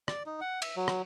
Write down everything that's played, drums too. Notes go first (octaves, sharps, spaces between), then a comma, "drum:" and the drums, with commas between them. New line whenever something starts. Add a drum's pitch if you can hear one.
D5, drum: rim click
D#4
F#5
E5, drum: cymbal
F#3
drum: rim click